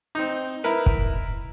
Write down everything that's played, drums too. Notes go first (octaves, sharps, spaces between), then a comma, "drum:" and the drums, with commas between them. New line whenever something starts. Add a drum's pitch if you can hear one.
C4 D#4
E4 A#4 B4
drum: kick